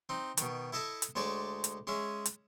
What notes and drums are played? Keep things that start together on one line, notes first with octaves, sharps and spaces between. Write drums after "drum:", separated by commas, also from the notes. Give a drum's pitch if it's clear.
C4 D#4
B2 D#3, drum: hi-hat
E4 A4 D#5 E5 A5
drum: hi-hat
D2 G#3 C#5 D5 A5 C#6
drum: hi-hat
G#3 C#4 G#4 E5
drum: hi-hat